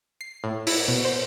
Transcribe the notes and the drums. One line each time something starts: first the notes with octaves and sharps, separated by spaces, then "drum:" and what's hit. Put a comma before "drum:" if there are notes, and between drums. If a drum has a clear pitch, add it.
C7
A2
E4, drum: open hi-hat
B2
C5